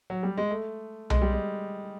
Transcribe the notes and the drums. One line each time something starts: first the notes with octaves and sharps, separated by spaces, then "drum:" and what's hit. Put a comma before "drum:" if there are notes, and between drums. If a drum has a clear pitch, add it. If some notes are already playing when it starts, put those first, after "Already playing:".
F#3
G3
G#3
A3
G#3, drum: tom B1
G3
G#3